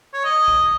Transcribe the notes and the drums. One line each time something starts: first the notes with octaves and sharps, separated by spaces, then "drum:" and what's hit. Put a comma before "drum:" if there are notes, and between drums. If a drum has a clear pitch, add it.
C#5
D#5
drum: kick A#1